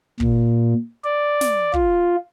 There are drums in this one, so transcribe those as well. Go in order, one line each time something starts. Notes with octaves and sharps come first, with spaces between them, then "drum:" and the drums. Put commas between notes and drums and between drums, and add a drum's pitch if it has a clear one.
A#2, drum: kick
D5
drum: snare
F4, drum: kick